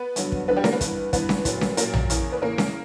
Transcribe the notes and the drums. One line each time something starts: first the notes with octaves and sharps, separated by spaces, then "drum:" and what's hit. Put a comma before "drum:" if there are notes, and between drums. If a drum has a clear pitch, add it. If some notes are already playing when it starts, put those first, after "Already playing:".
Already playing: B3 B4
G2 D3 F#3, drum: hi-hat
drum: kick
G2 D3 F#3 B3 B4
G3 G4
A#3 A#4, drum: snare C#4
B3 B4
G2 E3, drum: kick, hi-hat
G2 E3 B3 B4, drum: kick, hi-hat
drum: snare C#4
A#2 F#3, drum: kick, hi-hat
drum: snare C#4
A#2 F#3 A#3 A#4, drum: hi-hat
drum: tom A#1
E2 C#3 E3, drum: hi-hat
B4
E2 C#3 E3 A#3 A#4
drum: snare C#4